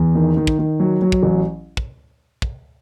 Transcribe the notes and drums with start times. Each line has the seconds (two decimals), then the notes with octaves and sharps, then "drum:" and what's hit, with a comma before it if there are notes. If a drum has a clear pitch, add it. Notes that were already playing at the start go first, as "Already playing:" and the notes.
Already playing: E2
0.15 D#3
0.37 D#3
0.47 drum: kick
0.59 D#3
0.80 F#3
1.02 F#3
1.12 drum: kick
1.23 A1
1.77 drum: kick
2.42 drum: kick